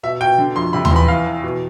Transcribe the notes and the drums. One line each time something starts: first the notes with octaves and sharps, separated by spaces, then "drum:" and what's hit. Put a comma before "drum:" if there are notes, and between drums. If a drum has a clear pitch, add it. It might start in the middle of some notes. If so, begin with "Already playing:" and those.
B2 E5
B2 G5
D3
F2 C6
C3 B5
C6, drum: tom D#2
E2 B5
E3 F5
E3
B2